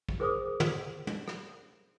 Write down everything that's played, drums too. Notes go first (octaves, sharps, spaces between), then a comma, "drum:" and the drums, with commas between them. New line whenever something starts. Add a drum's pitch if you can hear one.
drum: kick
G#4 A#4 C5 D6 D#6
drum: tom
drum: tom
drum: rim click